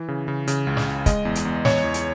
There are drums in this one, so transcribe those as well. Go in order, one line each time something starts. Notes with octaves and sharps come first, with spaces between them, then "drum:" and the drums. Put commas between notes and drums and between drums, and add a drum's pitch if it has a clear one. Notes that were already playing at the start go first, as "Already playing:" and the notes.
Already playing: E3
C#3
C#3
C#3, drum: hi-hat
C#2
drum: snare
C#2
G#3 D#5, drum: kick, hi-hat
E2
drum: hi-hat
E2
E2 C#5, drum: snare
E2
drum: hi-hat